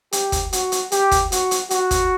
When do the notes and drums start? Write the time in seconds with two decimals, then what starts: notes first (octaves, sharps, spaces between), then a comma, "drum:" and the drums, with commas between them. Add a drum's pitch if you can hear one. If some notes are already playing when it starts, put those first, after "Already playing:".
0.12 G4, drum: hi-hat
0.32 drum: kick, hi-hat
0.53 F#4, drum: hi-hat
0.72 drum: hi-hat
0.92 G4, drum: hi-hat
1.11 drum: kick, hi-hat
1.32 F#4, drum: hi-hat
1.51 drum: hi-hat
1.70 F#4, drum: hi-hat
1.91 drum: kick, hi-hat